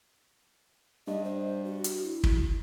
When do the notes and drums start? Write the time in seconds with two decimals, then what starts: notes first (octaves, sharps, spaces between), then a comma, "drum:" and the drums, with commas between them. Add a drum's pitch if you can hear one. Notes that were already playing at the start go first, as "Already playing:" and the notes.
1.07 G2 D#5
1.24 C5
1.64 F#4
1.84 drum: hi-hat
2.03 E4
2.24 drum: kick